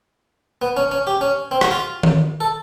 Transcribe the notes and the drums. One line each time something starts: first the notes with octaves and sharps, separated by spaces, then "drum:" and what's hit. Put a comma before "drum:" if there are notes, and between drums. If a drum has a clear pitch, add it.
B3
C#4
C#4
G4
C#4
C4
F#4, drum: rim click
F4
drum: tom D#3
A4